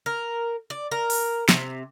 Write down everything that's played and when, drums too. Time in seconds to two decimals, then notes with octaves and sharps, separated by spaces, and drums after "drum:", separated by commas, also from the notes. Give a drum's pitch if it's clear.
0.06 A#4
0.70 D5
0.91 A#4
1.10 drum: open hi-hat
1.49 C3, drum: snare